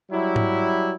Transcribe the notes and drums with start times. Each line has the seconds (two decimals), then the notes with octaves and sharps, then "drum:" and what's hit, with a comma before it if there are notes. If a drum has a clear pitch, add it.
0.11 F#3 G3 E4
0.36 drum: tom G#2